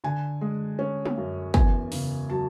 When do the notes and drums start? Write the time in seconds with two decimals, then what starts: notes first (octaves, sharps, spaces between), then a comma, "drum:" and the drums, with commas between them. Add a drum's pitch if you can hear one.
0.04 D3 G#5
0.41 G#3
0.79 C#4
1.05 drum: tom
1.17 F#2
1.54 E2 G#5, drum: kick
1.92 C#3, drum: open hi-hat
2.30 F#3 A5